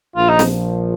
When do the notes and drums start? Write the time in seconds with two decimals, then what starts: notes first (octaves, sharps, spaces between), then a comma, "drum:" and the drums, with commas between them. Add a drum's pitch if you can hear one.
0.16 A#1 A#2 F3 F4
0.29 D#4
0.39 drum: snare